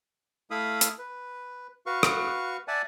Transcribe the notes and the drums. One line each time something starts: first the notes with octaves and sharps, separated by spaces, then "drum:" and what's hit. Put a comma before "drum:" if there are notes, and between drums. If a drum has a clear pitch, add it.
A3 E4 E5 F5 B5 D#6
drum: hi-hat
B4
F#4 B4 F5 C#6
drum: rim click
D5 E5 F#5 G#5 A5